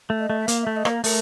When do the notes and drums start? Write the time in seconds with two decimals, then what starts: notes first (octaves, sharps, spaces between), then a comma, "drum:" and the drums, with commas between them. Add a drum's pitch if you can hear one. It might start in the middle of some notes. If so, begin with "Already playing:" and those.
0.10 A3
0.20 D#5
0.30 A3
0.40 E5
0.48 A#3 F5, drum: hi-hat
0.62 A3 E5
0.77 D#5
0.85 A#3 A#4, drum: rim click
1.04 A3 A#4, drum: open hi-hat